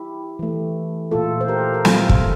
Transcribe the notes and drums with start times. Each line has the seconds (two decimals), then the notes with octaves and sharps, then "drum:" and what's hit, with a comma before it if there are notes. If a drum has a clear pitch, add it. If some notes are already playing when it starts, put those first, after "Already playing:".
Already playing: E4 G4
0.39 E3 A3
1.11 A#2 A3 F4 A4
1.41 C5
1.48 G4 A#4
1.74 A#4
1.85 A#2 F3 A3 F4 A4, drum: snare
2.09 drum: kick